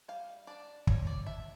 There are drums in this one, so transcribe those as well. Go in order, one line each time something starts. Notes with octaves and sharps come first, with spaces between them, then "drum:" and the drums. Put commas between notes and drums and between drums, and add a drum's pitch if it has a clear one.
G3 F5
D4 D5
G3 C#5, drum: kick
D5
D4 E5